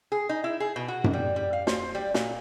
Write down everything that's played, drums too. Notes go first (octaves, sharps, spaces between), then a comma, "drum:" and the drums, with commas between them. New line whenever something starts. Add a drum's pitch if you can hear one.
G#4
D#4
E4
G#4
B2
F#4
drum: tom F#2
G3
G3
F5
C5, drum: snare
G3
A#2, drum: snare